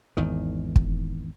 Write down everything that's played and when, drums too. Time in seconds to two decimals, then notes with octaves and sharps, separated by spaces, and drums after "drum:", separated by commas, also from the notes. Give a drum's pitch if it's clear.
0.17 G#1 E2 D#3
0.76 drum: kick